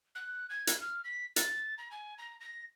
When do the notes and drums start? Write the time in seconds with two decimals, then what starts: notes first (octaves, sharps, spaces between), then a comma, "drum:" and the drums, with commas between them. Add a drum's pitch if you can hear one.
0.15 F#6
0.50 G#6
0.67 drum: hi-hat
0.81 F6
1.04 B6
1.36 A6, drum: hi-hat
1.78 A#5
1.91 G#5
2.18 A#5
2.41 A#6